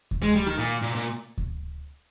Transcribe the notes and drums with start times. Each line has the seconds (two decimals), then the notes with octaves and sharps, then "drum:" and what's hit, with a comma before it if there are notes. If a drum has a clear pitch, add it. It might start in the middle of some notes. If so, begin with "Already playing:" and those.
0.11 drum: kick D2
0.23 G#3
0.35 G3
0.46 D#3
0.59 A#2
0.82 A#2
0.95 A#2
1.38 drum: kick D2